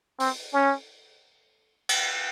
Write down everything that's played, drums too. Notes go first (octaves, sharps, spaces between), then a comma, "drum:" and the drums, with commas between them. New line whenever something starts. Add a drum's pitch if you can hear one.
C4, drum: open hi-hat
C#4
drum: cymbal